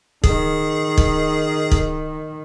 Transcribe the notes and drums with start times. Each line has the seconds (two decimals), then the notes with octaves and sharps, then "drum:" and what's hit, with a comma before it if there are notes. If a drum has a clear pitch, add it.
0.24 D#3 G#4, drum: kick
0.98 drum: kick
1.71 drum: kick